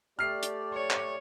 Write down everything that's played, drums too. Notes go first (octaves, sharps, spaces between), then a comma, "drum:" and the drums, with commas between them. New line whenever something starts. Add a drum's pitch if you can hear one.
A3 G4 D5 F6 C7
drum: hi-hat
C#5
drum: clap